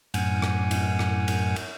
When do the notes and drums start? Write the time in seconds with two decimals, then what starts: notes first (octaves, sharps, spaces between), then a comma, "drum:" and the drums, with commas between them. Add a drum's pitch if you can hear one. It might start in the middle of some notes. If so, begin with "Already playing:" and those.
0.14 F#2 A2 F#5 G#5, drum: cymbal
0.42 drum: rim click
0.71 drum: cymbal
0.99 drum: rim click
1.28 drum: cymbal
1.56 drum: cymbal